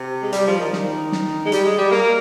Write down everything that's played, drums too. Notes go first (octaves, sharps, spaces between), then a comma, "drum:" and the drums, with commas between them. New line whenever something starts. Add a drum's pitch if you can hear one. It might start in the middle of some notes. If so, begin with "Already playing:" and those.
Already playing: C3
G#3
G3, drum: hi-hat
F3
D#3
D#3, drum: snare
drum: snare
G#3
G3, drum: hi-hat
G#3
G3
A#3